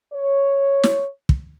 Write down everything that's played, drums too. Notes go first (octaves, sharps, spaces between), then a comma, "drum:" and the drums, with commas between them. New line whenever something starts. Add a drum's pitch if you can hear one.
C#5
drum: snare
drum: kick